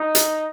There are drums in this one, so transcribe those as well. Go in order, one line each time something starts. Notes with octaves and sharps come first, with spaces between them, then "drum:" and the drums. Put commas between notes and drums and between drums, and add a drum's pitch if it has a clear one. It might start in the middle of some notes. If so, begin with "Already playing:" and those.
Already playing: D#4
drum: hi-hat